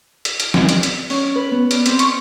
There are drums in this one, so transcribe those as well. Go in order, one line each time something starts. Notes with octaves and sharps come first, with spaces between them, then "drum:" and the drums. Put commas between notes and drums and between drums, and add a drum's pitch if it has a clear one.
drum: hi-hat
drum: hi-hat
drum: snare
drum: hi-hat
drum: hi-hat
C#4, drum: open hi-hat
B4
B3
D5, drum: hi-hat
C4, drum: hi-hat
C#6, drum: hi-hat